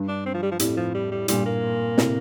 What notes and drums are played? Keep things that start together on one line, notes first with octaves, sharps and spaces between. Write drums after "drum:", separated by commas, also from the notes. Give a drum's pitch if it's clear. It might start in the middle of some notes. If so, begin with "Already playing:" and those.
Already playing: G2
D4
C4
F3
G3
F3
F2 A2 G3, drum: hi-hat
F3
G3
G3
G2 A#2 G3, drum: hi-hat
A#3
A2 C3, drum: snare